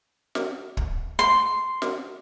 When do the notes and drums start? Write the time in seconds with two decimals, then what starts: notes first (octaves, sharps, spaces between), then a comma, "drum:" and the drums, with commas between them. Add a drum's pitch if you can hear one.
0.35 drum: snare
0.77 drum: kick
1.19 C6
1.82 drum: snare